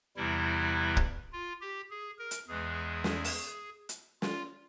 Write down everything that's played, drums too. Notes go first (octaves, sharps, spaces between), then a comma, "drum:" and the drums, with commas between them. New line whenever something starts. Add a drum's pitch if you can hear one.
E2 C3 E3 G3 E4
drum: kick
F4
G4
G#4
A#4
drum: hi-hat
E2 E3 G#3 G#4
drum: snare
drum: open hi-hat
drum: hi-hat
F4, drum: snare